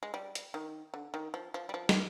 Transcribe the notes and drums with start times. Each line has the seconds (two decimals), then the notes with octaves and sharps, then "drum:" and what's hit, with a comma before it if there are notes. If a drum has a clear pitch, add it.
0.03 G#3
0.14 G3
0.35 drum: hi-hat
0.54 D#3
0.94 D3
1.14 D#3
1.34 F3
1.54 F3
1.69 G3
1.74 F3
1.89 D#3, drum: snare